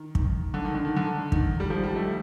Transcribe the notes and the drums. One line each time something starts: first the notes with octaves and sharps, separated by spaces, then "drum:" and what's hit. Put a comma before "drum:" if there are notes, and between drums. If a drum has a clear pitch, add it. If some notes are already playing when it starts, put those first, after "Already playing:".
Already playing: D#3
D#3, drum: kick
D3
D#3
D3
D#3
D3
D#3, drum: kick
G3
F3
G3
A3